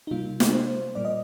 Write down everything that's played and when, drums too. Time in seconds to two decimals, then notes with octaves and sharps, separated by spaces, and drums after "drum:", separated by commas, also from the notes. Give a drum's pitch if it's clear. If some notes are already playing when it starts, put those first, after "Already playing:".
0.07 D#4
0.11 C3 G3 A#3 F4
0.40 drum: snare
0.53 C5
0.95 A#2 G3 A#3 D5
1.05 D#5